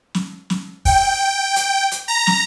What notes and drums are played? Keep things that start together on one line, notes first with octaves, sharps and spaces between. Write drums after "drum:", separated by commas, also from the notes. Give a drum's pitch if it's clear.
drum: snare
drum: snare
G5, drum: kick, open hi-hat
drum: hi-hat
drum: hi-hat
A#5
drum: snare